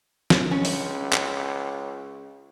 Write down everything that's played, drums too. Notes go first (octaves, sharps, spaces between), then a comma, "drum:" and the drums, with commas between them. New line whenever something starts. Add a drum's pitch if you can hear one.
drum: snare
C#2 C#4
drum: open hi-hat
drum: clap